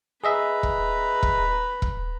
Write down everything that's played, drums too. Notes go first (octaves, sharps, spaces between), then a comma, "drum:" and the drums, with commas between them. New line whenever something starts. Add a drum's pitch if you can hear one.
G#4 B4 D#5 E5 A#5
drum: kick E1
drum: kick E1
drum: kick E1